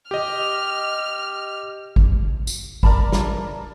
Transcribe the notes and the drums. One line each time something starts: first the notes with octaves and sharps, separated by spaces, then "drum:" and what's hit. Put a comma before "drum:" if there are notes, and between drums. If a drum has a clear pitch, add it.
G4 D#5 F6
drum: kick G#1
drum: tambourine
A#4 D5 A5 B5, drum: kick G#1
drum: snare